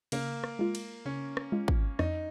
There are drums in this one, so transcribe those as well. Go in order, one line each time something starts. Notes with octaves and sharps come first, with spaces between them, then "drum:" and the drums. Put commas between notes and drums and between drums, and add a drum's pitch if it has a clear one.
C#3 A#3, drum: cymbal
drum: rim click
G#3 F4
drum: cymbal
C#3 C#4
drum: rim click
G#3 F4
drum: kick
F2 D#4, drum: rim click